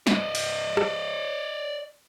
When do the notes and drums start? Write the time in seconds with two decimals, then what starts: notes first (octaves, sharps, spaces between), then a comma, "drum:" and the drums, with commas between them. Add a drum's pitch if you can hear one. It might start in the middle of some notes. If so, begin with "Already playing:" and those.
0.07 D5 D#5, drum: snare
0.35 drum: cymbal
0.77 drum: rim click